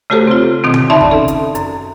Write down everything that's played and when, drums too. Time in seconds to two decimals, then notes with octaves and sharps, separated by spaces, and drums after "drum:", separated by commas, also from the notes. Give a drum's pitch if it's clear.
0.10 C#3 A3 F#4 G4 A4 C5
0.27 C4 F4
0.64 B2 D#3 C4
0.74 drum: tom C#3
0.90 D#4 D5 E5 A5 B5 C6
1.01 drum: kick G1
1.10 C#4 A4
1.28 drum: hi-hat
1.55 F#2, drum: hi-hat